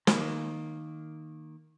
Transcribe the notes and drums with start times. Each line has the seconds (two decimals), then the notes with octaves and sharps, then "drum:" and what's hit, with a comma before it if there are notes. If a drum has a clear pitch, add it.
0.07 D#3 A#3, drum: snare